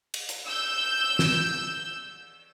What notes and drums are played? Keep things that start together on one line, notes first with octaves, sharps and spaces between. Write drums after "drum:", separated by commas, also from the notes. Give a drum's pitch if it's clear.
drum: cymbal
drum: hi-hat
E6 G6
drum: snare